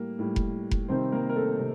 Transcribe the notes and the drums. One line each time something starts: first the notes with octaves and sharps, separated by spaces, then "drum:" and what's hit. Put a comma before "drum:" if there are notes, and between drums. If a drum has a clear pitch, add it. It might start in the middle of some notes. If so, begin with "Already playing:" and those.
Already playing: A2 G3 A#3
A2 G3
drum: kick F1
drum: kick F1
C3 D#3 G3 C4 C5
A#3 A#4
A#4
A3 A4
C3